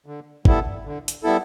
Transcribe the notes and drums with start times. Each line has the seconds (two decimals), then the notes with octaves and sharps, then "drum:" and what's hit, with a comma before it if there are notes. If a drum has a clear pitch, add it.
0.06 D3
0.45 G3 B3 E4 A4, drum: kick G#1
0.85 D3
1.08 drum: hi-hat
1.23 G3 B3 E4 A4